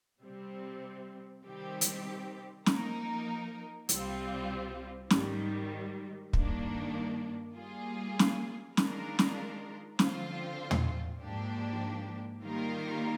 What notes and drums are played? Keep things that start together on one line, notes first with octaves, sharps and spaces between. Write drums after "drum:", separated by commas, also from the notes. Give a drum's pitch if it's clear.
C3 G3 C4
C3 D#3 G3 C4 G4
drum: hi-hat
F3 A#3 D#4 A#4, drum: snare
C2 C3 G3 C4 F4, drum: hi-hat
G#2 D#3 G3, drum: snare
G2 D#3 A#3 D4, drum: kick
G3 A#3 F4 G#4
drum: snare
D#3 G#3 D4 F4 A#4, drum: snare
drum: snare
D3 F3 C4 F4 C5, drum: snare
drum: tom
G#2 F3 A#3 D4 G4
D#3 G3 A#3 F4 A#4